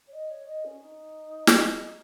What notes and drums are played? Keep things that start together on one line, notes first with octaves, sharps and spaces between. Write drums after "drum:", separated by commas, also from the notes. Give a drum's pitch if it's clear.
C#5
D#5
C#5
D#5
C#4
D#4
drum: snare